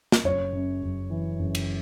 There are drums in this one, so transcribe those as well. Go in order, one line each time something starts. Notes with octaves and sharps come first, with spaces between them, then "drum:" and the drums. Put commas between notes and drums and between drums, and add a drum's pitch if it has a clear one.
drum: snare
F#1 C#5
F#2
F#1
E3
F#1
drum: cymbal